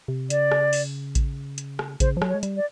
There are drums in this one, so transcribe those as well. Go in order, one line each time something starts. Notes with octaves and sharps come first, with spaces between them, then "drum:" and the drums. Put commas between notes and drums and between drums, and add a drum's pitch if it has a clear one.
C3
C#3 D5, drum: hi-hat
drum: rim click
drum: open hi-hat
drum: kick A1, hi-hat
drum: hi-hat
drum: rim click
C#3 C5, drum: kick A1, hi-hat
F3
F#3, drum: rim click
C#5
G#3
G3, drum: hi-hat
D5